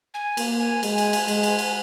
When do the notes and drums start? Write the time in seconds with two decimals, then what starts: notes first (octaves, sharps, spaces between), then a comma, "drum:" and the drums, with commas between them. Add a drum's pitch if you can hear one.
0.14 G#5
0.37 A#3, drum: cymbal
0.60 G#5
0.83 G#3, drum: cymbal
0.98 drum: cymbal
1.13 drum: cymbal
1.28 G#3, drum: cymbal
1.43 drum: cymbal
1.59 drum: cymbal